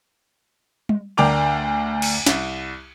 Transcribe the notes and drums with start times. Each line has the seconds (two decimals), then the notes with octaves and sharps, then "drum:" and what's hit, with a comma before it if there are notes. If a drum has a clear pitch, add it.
0.89 drum: tom G3
1.17 D2 D4 A#4 G5 D6 F7
2.02 drum: cymbal
2.26 C2, drum: snare